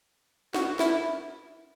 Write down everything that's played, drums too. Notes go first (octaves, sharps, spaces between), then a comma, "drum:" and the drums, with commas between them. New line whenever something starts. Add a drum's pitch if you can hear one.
F#4, drum: snare
E4, drum: snare